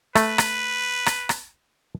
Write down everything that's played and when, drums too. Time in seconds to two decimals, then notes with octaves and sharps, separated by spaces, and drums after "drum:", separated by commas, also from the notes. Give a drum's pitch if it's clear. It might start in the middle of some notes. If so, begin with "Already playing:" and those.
0.15 A3 B4, drum: rim click
0.38 drum: rim click
1.06 drum: rim click
1.29 drum: rim click